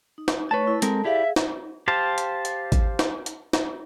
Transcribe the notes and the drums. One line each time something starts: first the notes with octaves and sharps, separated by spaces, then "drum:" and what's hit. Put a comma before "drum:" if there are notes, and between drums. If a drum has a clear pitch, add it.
D#4
drum: snare
A3 B4 C#5 A5 C#6
E4
G#3 C4 A4 A#4 A5, drum: hi-hat
E4 G4 G#4 D5 E5 F5
drum: snare
G4 C5 F5 A5
drum: hi-hat
drum: hi-hat
drum: kick, hi-hat
drum: snare
drum: hi-hat
drum: snare